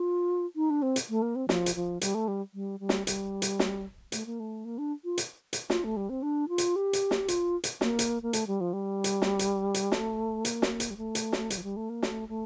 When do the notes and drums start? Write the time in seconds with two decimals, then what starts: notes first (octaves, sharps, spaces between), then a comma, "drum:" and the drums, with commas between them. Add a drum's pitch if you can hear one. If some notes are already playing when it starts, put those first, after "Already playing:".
Already playing: F4
0.56 D#4
0.70 D4
0.82 C4
0.96 drum: hi-hat
1.10 A3
1.22 A#3
1.36 C4
1.49 F3, drum: snare
1.66 drum: hi-hat
1.75 F3
2.01 G3, drum: hi-hat
2.15 A3
2.28 G3
2.54 G3
2.80 G3
2.89 drum: snare
3.07 G3, drum: hi-hat
3.42 drum: hi-hat
3.59 drum: snare
4.12 A3, drum: hi-hat
4.26 A#3
4.40 A3
4.65 A#3
4.78 D4
5.04 F4
5.18 drum: hi-hat
5.53 drum: hi-hat
5.70 F4, drum: snare
5.84 A3
5.97 G3
6.09 C4
6.22 D4
6.49 F4
6.58 drum: hi-hat
6.76 G4
6.93 drum: hi-hat
7.11 drum: snare
7.28 F4, drum: hi-hat
7.64 drum: hi-hat
7.81 A#3, drum: snare
7.99 drum: hi-hat
8.22 A#3
8.33 A3, drum: hi-hat
8.47 G3
8.61 F3
8.73 G3
9.04 drum: hi-hat
9.22 drum: snare
9.39 drum: hi-hat
9.74 drum: hi-hat
9.92 A3, drum: snare
10.45 A#3, drum: hi-hat
10.62 drum: snare
10.80 drum: hi-hat
10.91 G3
10.97 A3
11.15 drum: hi-hat
11.33 drum: snare
11.50 G3, drum: hi-hat
11.57 F3
11.63 G3
11.77 A3
11.89 A#3
12.03 A3, drum: snare
12.29 A3